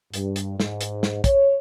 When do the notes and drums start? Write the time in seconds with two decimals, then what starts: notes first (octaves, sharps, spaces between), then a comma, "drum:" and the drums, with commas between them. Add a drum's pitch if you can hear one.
0.14 G2, drum: hi-hat
0.36 drum: hi-hat
0.60 G#2, drum: snare
0.81 drum: hi-hat
1.03 drum: snare
1.24 C#5, drum: kick, hi-hat